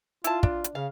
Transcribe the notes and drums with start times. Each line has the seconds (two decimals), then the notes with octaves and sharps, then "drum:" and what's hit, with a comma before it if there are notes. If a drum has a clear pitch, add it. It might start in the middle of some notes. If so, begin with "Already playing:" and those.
0.24 E4 F4 A5, drum: hi-hat
0.43 D4, drum: kick
0.64 drum: hi-hat
0.75 C#3 F5